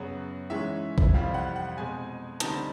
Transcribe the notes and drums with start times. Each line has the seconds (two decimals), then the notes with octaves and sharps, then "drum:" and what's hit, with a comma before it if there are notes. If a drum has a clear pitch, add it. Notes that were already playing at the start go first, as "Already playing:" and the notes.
Already playing: F#2 C#3 F#3 B3
0.50 G#2 E3 G#3 C#4 E5
0.98 drum: kick
1.14 F2 C3 E3 G3 C4 F5
1.34 F#5
1.56 F#5
1.77 B2 G#3 C4 G#5
2.40 D2 D3 G3 C4 D#4 A5, drum: hi-hat